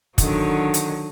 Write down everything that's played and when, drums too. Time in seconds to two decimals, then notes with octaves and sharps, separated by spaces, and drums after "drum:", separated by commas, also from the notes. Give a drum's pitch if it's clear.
0.18 D3 D#3 F#3, drum: kick, hi-hat
0.74 drum: hi-hat